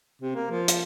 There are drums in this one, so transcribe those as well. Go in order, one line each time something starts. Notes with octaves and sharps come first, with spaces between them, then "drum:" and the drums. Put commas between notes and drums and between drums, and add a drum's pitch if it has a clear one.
C3
A#3
F3
drum: hi-hat